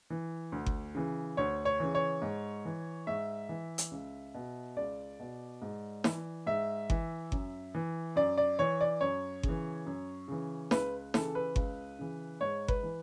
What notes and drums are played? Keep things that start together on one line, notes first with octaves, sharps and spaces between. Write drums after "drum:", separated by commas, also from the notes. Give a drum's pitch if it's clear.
E3
D2
drum: kick G1
C#3 E3
D2 C#5
C#5
C#3 E3
C#5
G#2
E3
G#2 E5
E3
drum: hi-hat
C#2
B2
C#2 D5
B2
G#2
E3, drum: snare
G#2 E5
E3, drum: kick G1
F#2, drum: kick G1
E3
F#2 D5
D5
E3 C#5
D5
F#2 C#5
C#3, drum: kick G1
E3
F#2
C#3 E3
C#2 B4, drum: snare
C#3 E3 A4, drum: snare
B4
C#2, drum: kick G1
C#3 E3
G#2 C#5
B4, drum: kick G1
E3